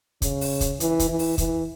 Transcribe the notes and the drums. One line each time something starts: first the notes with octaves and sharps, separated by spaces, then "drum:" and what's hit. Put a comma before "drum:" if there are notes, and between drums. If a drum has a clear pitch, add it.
C#3, drum: kick, hi-hat
drum: open hi-hat
drum: kick, hi-hat
E3, drum: hi-hat
drum: kick, hi-hat
E3
drum: open hi-hat
E3, drum: kick, hi-hat